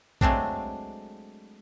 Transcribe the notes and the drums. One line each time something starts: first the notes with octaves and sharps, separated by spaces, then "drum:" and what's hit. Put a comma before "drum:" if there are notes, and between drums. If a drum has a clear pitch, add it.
F#3 G#3 A3 C4 D4, drum: kick